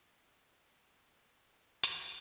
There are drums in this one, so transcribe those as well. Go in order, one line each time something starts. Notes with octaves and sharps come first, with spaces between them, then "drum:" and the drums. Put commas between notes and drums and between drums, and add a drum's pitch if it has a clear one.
F#2
G#3
G3
C#3
D#3
A#3
C#4
E2
E3
G#2, drum: hi-hat
D#3